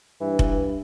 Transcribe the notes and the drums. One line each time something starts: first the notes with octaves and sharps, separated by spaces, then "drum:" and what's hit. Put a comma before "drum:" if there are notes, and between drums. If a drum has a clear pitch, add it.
G2 E3
drum: kick F1